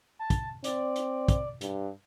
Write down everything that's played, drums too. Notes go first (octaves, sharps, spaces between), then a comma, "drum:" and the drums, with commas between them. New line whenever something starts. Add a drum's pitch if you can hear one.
A5
drum: kick, hi-hat
C4 D5, drum: hi-hat
drum: hi-hat
drum: kick, hi-hat
G2, drum: hi-hat